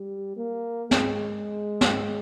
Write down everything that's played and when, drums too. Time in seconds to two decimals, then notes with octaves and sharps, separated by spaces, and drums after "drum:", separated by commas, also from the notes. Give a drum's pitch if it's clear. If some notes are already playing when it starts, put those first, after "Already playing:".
Already playing: G3
0.37 A#3
0.91 G#3, drum: snare
1.81 drum: snare